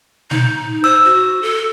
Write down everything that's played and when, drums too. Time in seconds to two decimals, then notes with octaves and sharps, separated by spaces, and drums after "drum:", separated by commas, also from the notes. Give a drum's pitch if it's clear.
0.31 D#4, drum: tom
0.84 C5 E6
1.05 F#4
1.42 A4